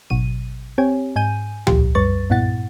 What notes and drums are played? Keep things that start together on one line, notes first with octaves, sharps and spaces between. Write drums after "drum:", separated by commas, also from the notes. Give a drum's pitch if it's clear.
G#1 B2 F#3 D#7
C4 G4 C#5 G#5
G#2 G#5 G6 D#7
A1 D#2 A#2 F3 G4, drum: tom
F#2 G3 B4 C#6 A6
G2 A#2 B3 E4 F#5 A6